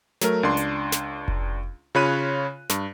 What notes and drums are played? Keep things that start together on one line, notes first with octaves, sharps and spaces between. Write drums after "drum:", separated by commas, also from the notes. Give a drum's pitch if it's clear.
F#3 A3 A#4, drum: snare
C#2 D4 C6
drum: hi-hat
drum: snare
drum: kick F1
C#3 F4 C#5 B5 F#6 D#7
G2, drum: snare